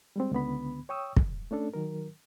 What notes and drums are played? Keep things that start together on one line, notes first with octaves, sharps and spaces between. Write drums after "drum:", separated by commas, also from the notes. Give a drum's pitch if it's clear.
G3 G#3 C4
C#2 D3 B3 B5
C#5 G5 C#6 D#6 E6
F2, drum: kick
A3 C#4 D4 A4
D#3 F#3 A#4